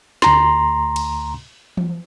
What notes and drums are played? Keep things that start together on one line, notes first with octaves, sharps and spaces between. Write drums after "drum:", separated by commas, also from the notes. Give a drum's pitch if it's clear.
D2 A#5 C6, drum: snare
drum: cymbal
drum: tom E3